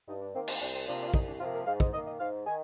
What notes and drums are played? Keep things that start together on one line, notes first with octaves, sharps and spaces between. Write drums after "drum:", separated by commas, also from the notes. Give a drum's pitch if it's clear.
G2 D#4
D4
D#3 A#3 C4
C4, drum: cymbal
C2 D4
C4
C3 F3 A#3 D4
D4
F4
C2 D#4, drum: kick
D4
C3 F3 A#3 F4
A#4
G#2 F5
D#5, drum: kick
D#3 A#3 D#5
D#5
G#2 F5
D#3 G#5